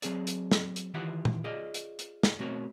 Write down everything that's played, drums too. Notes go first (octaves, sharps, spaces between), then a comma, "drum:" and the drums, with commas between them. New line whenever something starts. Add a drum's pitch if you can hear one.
F#3 C4 G#4 A4 D5, drum: hi-hat
drum: hi-hat
drum: snare
drum: hi-hat
D#3 E3 F4 G4 E5 F#5
drum: tom A#2
F4 G#4 D5 D#5
drum: hi-hat
drum: hi-hat
drum: snare
B2 A3 C4 F#4 A#4 C#5